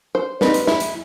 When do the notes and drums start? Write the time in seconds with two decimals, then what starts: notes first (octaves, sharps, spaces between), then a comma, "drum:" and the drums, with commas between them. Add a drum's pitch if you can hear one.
0.15 C5
0.41 G3 C4 D#4 B4, drum: snare
0.54 drum: hi-hat
0.67 E4, drum: snare
0.80 drum: hi-hat